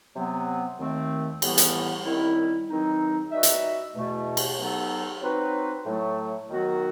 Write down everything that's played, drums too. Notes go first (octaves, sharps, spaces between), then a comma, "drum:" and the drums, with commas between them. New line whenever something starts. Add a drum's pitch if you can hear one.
C3 F#3 B3
D#2 D#3 A3 C4
A2 E3 G3 B3, drum: cymbal
drum: hi-hat
F#2 D#3 G3 C4 E4
E2 D#3 F#3 C4 D#4
G3 D#4 F#4 B4 E5
drum: hi-hat
E2 B2 A3
drum: cymbal
B2 F#3 B3 D#4 A4
F#3 C4 D#4 F#4 B4
A2 F#3 A3
D#2 D#3 F#3 B3 F#4